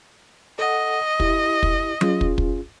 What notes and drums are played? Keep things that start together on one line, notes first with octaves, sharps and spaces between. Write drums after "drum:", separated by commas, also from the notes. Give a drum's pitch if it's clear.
A4 D#5 F#5
E4 G4, drum: kick
drum: kick
C#4 F4 G#4, drum: tom F#3
drum: kick
drum: kick